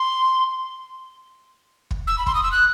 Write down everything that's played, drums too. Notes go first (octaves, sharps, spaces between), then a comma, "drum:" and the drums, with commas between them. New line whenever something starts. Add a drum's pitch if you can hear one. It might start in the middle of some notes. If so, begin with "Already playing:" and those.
Already playing: C6
drum: kick
E6
B5
C6, drum: kick
D#6
E6
F#6